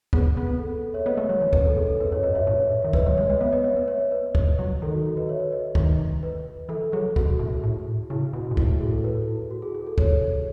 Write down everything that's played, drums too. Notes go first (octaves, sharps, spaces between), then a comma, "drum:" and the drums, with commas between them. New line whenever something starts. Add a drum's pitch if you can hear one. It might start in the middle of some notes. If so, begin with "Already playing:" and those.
B3 G#4, drum: kick
B3 G#4
A4
C#5 E5
B3 B4 D#5
A3 C#5
F#3 C#5
E3 C#5
F#2 B4, drum: kick
A4
E2 G#4
A4
E2 B4
F#2 C#5
F#2 B4 D#5
F#2 C#5 E5
A2 C#5 E5
D#3 E5
E3 B4 D#5, drum: kick
F#3 C#5
G#3 C#5
G#3 B4 D#5
B3 C#5 E5
B4 D#5
C#5 E5
B4 D#5
C#5
B4
drum: kick
F#3
D#3 A4
F#4
F#4
B4 D#5
C#5 E5
B4 D#5
B4 D#5
D#3, drum: kick
B4
E3 A4
F#3 G#4
B2 F#4, drum: kick
A2
A2
C#3 E4
B2 F#4
G#2
A2 E4, drum: kick
F#4
G#4
A4
B4
E4
F#4
G#4
G#4
A4
C#5, drum: kick